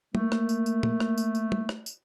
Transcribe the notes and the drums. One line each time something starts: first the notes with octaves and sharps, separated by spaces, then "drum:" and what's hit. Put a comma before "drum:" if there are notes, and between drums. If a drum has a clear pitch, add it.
A3 A#3, drum: tom
drum: rim click
drum: tambourine
drum: tambourine
drum: tom
drum: rim click
drum: tambourine
drum: tambourine
drum: tom
drum: rim click
drum: tambourine